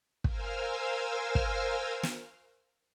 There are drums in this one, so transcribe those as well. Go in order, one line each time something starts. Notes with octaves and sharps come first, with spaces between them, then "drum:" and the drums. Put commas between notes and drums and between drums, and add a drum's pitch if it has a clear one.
A#4 C5 F5 G#5 E6 F6, drum: kick
drum: kick
drum: snare